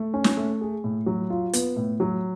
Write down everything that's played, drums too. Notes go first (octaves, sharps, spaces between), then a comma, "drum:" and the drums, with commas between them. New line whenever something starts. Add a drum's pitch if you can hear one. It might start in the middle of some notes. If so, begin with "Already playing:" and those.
Already playing: A3
C#4
drum: snare
A3
G#4
A2
F#3
F4
B3, drum: hi-hat
A2
F#3